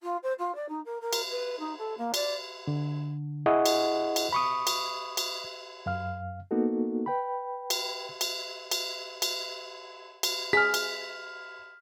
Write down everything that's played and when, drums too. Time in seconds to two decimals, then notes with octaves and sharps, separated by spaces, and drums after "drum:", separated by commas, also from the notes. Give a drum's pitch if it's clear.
0.02 F4
0.23 C5
0.38 F4
0.55 D5
0.68 D#4
0.85 A#4
1.00 A#4
1.13 drum: cymbal
1.30 B4
1.59 D#4
1.77 A4
1.97 A#3
2.14 D5, drum: cymbal
2.67 D3
3.46 E4 G#4 D#5 F#5 C#6
3.66 drum: cymbal
4.16 drum: cymbal
4.33 B5 C#6 D#6
4.67 drum: cymbal
5.17 drum: cymbal
5.86 F#2 F5 F6
6.51 A#3 B3 D#4 F#4 A4
7.06 B4 G5 B5
7.70 drum: cymbal
8.21 drum: cymbal
8.71 drum: cymbal
9.22 drum: cymbal
10.23 drum: cymbal
10.53 G#4 F6 B6
10.74 drum: cymbal